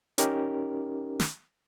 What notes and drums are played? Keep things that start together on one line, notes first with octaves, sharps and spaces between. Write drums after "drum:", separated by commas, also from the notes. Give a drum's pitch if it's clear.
C#4 D#4 G4 A#4, drum: hi-hat
drum: snare